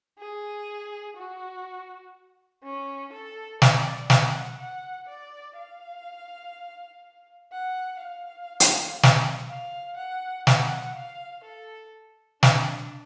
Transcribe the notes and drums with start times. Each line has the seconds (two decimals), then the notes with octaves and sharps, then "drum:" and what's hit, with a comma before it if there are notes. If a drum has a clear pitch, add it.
0.19 G#4
1.16 F#4
2.63 C#4
3.12 A4
3.62 D5, drum: snare
4.10 F#5, drum: snare
4.59 F#5
5.08 D5
5.57 F5
7.52 F#5
8.01 F5
8.60 drum: hi-hat
9.03 drum: snare
9.48 F5
9.97 F#5
10.47 F#5, drum: snare
10.95 F5
11.44 A4
12.43 D4, drum: snare